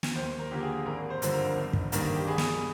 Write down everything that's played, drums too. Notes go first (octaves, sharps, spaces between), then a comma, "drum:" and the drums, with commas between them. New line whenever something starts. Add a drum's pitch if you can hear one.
drum: snare
D#2 C5
A#4
D3 F3 A#3 G4
G#4
G#1 A#4
C5
G2 D3 F3 C4, drum: hi-hat
A#4
G1
drum: kick
G2 D#3 A#3, drum: hi-hat
G4
C2 G#4
drum: snare